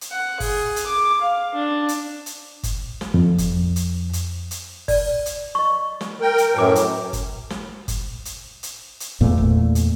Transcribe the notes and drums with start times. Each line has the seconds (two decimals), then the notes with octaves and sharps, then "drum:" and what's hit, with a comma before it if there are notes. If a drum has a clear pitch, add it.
0.01 drum: hi-hat
0.11 F#5
0.40 G#4, drum: kick G1, open hi-hat
0.76 drum: hi-hat
0.86 D6
1.21 F5
1.54 D4
1.89 drum: hi-hat
2.26 drum: hi-hat
2.63 drum: kick G1, hi-hat
3.01 drum: snare
3.14 F2
3.38 drum: kick G1, hi-hat
3.76 drum: hi-hat
4.13 drum: hi-hat
4.51 drum: hi-hat
4.88 D5, drum: kick G1, open hi-hat
5.26 drum: hi-hat
5.55 D#5 C#6
6.01 drum: snare
6.21 A#4 G5
6.38 drum: hi-hat
6.55 F#2 A2 F#3 B4 G5 D6
6.75 drum: hi-hat
7.13 drum: kick G1, hi-hat
7.50 drum: snare
7.88 drum: kick G1, hi-hat
8.25 drum: hi-hat
8.63 drum: hi-hat
9.00 drum: hi-hat
9.21 E2 A#2 A3
9.38 drum: kick G1
9.75 drum: hi-hat